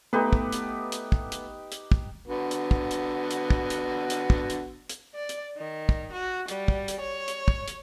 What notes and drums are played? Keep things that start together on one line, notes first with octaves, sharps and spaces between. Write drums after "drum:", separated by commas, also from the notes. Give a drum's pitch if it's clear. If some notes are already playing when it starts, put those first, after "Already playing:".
A3 B3 D#4 G4 B4
drum: kick
drum: hi-hat
drum: hi-hat
drum: kick
drum: hi-hat
drum: hi-hat
drum: kick
D3 B3 F#4
drum: hi-hat
drum: kick
drum: hi-hat
drum: hi-hat
drum: kick
drum: hi-hat
drum: hi-hat
drum: kick
drum: hi-hat
drum: hi-hat
D5
drum: hi-hat
D#3
drum: kick
F#4
G3, drum: hi-hat
drum: kick
drum: hi-hat
C#5
drum: hi-hat
drum: kick
drum: hi-hat